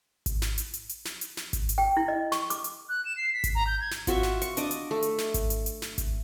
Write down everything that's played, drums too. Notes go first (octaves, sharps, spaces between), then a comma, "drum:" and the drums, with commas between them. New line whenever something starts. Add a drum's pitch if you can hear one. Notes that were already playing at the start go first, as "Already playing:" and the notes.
drum: kick G#1, hi-hat
drum: snare
drum: hi-hat
drum: hi-hat
drum: hi-hat
drum: snare
drum: hi-hat
drum: snare
drum: kick G#1, hi-hat
drum: hi-hat
G5
E4
D#5
C#6, drum: snare
D6, drum: hi-hat
drum: hi-hat
F#6
E7
C7
B6
drum: kick G#1, hi-hat
A#5
G6
G#6
drum: snare
F4 F#4 E5 C#6, drum: kick G#1, hi-hat
drum: snare
C#6, drum: hi-hat
D4 D#5 D6, drum: hi-hat
drum: hi-hat
A3
drum: hi-hat
drum: snare
drum: kick G#1, hi-hat
drum: hi-hat
drum: hi-hat
drum: snare
drum: kick G#1, hi-hat